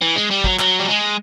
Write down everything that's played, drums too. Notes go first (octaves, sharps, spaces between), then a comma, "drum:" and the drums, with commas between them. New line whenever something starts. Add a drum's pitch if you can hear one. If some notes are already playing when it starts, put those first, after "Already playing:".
E3
G#3
G3
F#3, drum: kick
F#3, drum: clap
G3
G#3